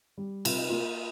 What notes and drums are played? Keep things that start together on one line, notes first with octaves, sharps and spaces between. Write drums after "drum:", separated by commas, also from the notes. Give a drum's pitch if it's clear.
G3
C3 F4, drum: cymbal
D#4
A#3 F4